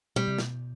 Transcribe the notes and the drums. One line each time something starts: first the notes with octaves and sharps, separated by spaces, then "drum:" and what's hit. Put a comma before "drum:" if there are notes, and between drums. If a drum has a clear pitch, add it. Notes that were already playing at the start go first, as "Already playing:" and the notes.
B2 G3
C3
B2, drum: snare